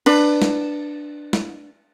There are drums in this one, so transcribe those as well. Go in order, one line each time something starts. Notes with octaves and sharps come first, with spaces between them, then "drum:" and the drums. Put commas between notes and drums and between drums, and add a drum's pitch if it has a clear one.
D4 B4, drum: cymbal
drum: snare
drum: snare